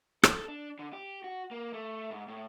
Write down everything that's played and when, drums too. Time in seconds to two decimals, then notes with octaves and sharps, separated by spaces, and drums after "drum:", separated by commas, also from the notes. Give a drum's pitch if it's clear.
0.23 A4, drum: rim click
0.48 D4
0.79 D3
0.93 G4
1.24 F#4
1.51 A#3
1.73 A3
2.11 G#2
2.28 A2